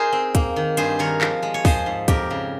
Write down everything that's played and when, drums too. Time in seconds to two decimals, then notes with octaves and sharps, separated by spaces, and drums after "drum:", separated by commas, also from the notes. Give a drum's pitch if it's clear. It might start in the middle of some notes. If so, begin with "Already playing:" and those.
Already playing: D#4 G#4 A#4 C5
0.12 C4
0.35 A#3, drum: kick, hi-hat
0.56 D#3
0.77 G2 G#4 C5, drum: hi-hat
0.99 D#3 A#4 C#5
1.21 F3, drum: clap
1.43 G#3
1.54 C#5
1.65 F3 G#4 C5, drum: kick, open hi-hat
1.86 G#2
2.08 F2 G4 A#4, drum: kick, hi-hat
2.31 C#3